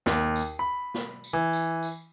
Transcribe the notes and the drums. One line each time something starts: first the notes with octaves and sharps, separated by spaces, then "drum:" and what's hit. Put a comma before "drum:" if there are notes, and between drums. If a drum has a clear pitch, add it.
D#2, drum: snare
drum: tambourine
B5
drum: snare
drum: tambourine
E3
drum: tambourine
drum: tambourine